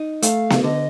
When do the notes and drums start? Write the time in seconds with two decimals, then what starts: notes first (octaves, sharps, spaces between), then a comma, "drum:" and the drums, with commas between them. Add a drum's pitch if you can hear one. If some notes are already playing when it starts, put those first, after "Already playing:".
Already playing: D#4
0.22 A3 F5, drum: hi-hat
0.50 drum: snare B3
0.64 D3 D#5